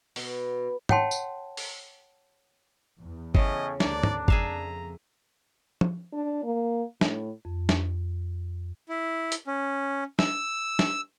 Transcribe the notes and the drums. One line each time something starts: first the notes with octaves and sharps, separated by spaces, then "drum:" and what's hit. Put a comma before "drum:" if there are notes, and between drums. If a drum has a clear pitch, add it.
B2, drum: open hi-hat
C#5 F#5 G5 A5 C6, drum: tom
drum: tambourine
drum: open hi-hat
E2
A2 C#3 C#4 D#5, drum: kick G1
D2 A#3 D4 D5, drum: snare
drum: tom
F2 G#4 E5 F5 A#5, drum: kick G1
drum: tom
D4
A#3
A2, drum: snare
F2
drum: snare
E4
drum: hi-hat
C#4
E6, drum: snare
drum: snare